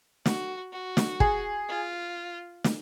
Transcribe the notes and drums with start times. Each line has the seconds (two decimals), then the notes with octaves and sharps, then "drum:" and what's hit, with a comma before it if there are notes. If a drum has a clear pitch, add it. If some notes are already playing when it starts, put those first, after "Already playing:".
0.26 F#4, drum: snare
0.72 F#4
0.97 drum: snare
1.20 G#4, drum: kick
1.69 F4
2.64 drum: snare